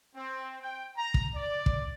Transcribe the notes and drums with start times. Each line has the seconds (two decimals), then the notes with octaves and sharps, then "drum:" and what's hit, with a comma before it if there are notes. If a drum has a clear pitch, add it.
0.15 C4
0.62 G5
0.97 A#5
1.14 drum: kick
1.35 D5
1.66 drum: kick